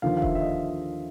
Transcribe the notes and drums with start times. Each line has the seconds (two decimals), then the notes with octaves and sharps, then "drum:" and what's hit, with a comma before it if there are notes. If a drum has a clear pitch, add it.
0.02 D#2 D3 F3 F5
0.17 F5
0.22 E5, drum: kick E1
0.35 E5
0.41 D#5